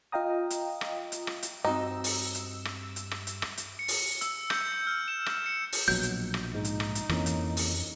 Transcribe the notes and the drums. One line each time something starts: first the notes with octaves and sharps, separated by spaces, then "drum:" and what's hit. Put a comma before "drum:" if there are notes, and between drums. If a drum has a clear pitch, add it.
F4 D#5 F5 G5 A#5 D#6
drum: hi-hat
drum: rim click
drum: hi-hat
drum: rim click
drum: hi-hat
G2 C4 D#4 F#4 D#5 E6
drum: open hi-hat
drum: hi-hat
drum: rim click
drum: hi-hat
drum: rim click
drum: hi-hat
drum: rim click
drum: hi-hat
C#7
drum: open hi-hat
E6, drum: hi-hat
G6, drum: rim click
F6
E7
drum: rim click
C#7
drum: open hi-hat
A#1 B2 F#3 G6
drum: hi-hat
drum: rim click
G#2 D#4
drum: hi-hat
drum: rim click
drum: hi-hat
F2 E3 A#3 C#4, drum: rim click
drum: hi-hat
drum: open hi-hat